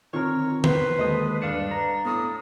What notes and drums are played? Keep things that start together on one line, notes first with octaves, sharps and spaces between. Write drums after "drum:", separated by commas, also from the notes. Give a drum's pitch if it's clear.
D3 D#3 C4 F4 A#4 C#5
B4 C5, drum: tom D3
D#2 G#3 A4 D#5 D#6
G2 D4 F5 C#7
B4 A#5
A2 B3 D#6